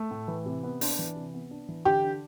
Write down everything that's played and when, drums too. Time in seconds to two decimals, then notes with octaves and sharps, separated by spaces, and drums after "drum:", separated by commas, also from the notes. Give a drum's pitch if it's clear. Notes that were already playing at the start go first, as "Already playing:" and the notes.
Already playing: A3
0.11 A2
0.28 E3
0.46 C3
0.63 B3
0.81 D4, drum: open hi-hat
0.99 E3
1.16 C3
1.34 B3
1.51 D4
1.69 E3
1.85 D3 G4
2.04 D4